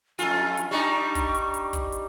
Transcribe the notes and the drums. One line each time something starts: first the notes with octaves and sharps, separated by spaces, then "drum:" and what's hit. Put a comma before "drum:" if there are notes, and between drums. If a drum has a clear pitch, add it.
F2 A3 F4 G#5, drum: hi-hat
drum: hi-hat
G3 D4 D#4 C#6
drum: kick, hi-hat
drum: hi-hat
drum: hi-hat
drum: kick, hi-hat
drum: hi-hat